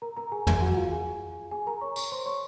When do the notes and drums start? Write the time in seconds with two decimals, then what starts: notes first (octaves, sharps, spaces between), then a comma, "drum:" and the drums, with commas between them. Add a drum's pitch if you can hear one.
0.02 A#4 A#5
0.17 A#4 A#5
0.32 G#4 G#5
0.47 G#4 G#5, drum: tom
0.62 F#4 F#5
0.76 F4 F5
0.92 G#4 G#5
1.51 G#4 G#5
1.67 A#4 A#5
1.81 C#5 C#6
1.96 C#5 C#6, drum: tambourine
2.12 C5 C6
2.26 C#5 C#6